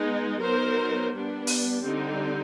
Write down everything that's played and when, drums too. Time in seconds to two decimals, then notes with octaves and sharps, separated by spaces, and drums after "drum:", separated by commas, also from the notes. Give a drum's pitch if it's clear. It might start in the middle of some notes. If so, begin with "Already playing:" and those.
Already playing: G#3 B3 D#4
0.41 F#3 B3 D#4 A#4 C5
1.11 G3 B3 D4
1.47 drum: open hi-hat
1.82 D3 G3 C4 D#4